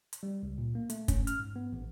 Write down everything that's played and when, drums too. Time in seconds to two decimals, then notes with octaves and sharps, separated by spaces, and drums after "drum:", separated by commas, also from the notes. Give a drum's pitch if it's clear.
0.13 drum: hi-hat
0.23 G3
0.43 C#2
0.58 A#2
0.75 A#3
0.90 A3, drum: hi-hat
1.08 C#4, drum: kick, hi-hat
1.27 F6, drum: hi-hat
1.39 G#2
1.56 B3
1.72 A1